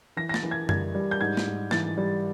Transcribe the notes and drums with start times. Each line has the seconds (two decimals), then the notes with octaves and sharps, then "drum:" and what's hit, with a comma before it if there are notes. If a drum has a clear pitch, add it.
0.17 E3 A#6
0.29 A#6
0.34 A6, drum: snare
0.43 E3
0.51 G#6
0.69 G3 G#6, drum: tom F#2
0.95 G3
1.11 G6
1.21 G#2 G#6
1.37 drum: snare
1.46 G#2
1.71 E3 A6, drum: snare
1.98 G3